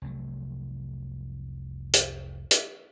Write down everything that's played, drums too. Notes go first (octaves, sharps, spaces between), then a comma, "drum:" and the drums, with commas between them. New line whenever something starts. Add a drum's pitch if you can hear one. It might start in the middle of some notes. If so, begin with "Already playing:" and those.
F1 C2 F#3 A3
drum: hi-hat
drum: hi-hat